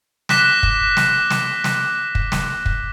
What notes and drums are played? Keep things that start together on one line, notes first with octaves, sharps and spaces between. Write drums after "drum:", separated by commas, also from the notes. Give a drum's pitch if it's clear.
D6 F#6 A#6 B6 E7 G7, drum: snare
drum: kick
drum: snare
drum: snare
drum: snare
drum: kick
drum: snare
drum: kick